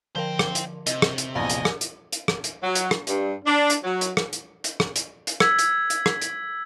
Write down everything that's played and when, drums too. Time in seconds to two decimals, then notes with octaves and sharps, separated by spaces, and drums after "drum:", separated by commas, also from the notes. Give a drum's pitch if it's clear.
0.16 D3 F3 A#4 C5 G5
0.39 drum: rim click
0.55 drum: hi-hat
0.87 C3 D#5, drum: hi-hat
1.02 drum: rim click
1.18 drum: hi-hat
1.35 A#1 E2 D#5 F5 G#5 A5 B5
1.50 drum: hi-hat
1.65 drum: rim click
1.81 drum: hi-hat
2.12 drum: hi-hat
2.28 drum: rim click
2.44 drum: hi-hat
2.63 F#3
2.75 drum: hi-hat
2.91 drum: rim click
3.07 G2, drum: hi-hat
3.45 D4
3.70 drum: hi-hat
3.83 F#3
4.01 drum: hi-hat
4.17 drum: rim click
4.33 drum: hi-hat
4.64 drum: hi-hat
4.80 drum: rim click
4.96 drum: hi-hat
5.27 drum: hi-hat
5.40 E6 G#6 B6, drum: rim click
5.59 drum: hi-hat
5.90 drum: hi-hat
6.06 drum: rim click
6.22 drum: hi-hat